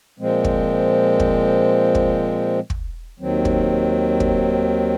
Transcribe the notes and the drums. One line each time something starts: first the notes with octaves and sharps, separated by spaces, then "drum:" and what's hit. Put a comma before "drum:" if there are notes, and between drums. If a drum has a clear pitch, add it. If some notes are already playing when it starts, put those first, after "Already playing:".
A#2 F3 G#3 C4
drum: kick
drum: kick
drum: kick
drum: kick
D#2 D#3 F#3 C4
drum: kick
drum: kick